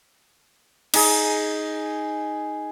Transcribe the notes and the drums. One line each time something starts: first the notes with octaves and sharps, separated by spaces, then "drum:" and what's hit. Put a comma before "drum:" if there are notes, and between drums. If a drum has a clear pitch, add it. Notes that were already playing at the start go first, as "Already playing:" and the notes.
D#4 G#4, drum: cymbal